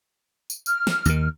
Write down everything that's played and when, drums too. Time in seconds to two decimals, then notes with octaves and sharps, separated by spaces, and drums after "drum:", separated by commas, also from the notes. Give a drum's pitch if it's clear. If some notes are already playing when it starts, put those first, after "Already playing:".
0.50 drum: tambourine
0.66 F6, drum: tambourine
0.87 drum: snare
1.05 D#2 D#3, drum: tambourine